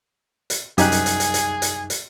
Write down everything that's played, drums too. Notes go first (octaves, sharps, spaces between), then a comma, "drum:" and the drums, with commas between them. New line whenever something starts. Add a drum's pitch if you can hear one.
drum: hi-hat
C2 F#2 D#4 G4 G#4 G#5 F#6, drum: hi-hat
drum: hi-hat
drum: hi-hat
drum: hi-hat
drum: hi-hat
drum: hi-hat
drum: hi-hat